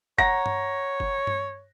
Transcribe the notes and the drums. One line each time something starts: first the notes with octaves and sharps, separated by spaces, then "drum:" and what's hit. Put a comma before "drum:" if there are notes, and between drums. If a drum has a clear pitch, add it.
C#5 F#5 A#5 A#6, drum: kick F#1
drum: tom G2
drum: kick F#1
drum: tom G2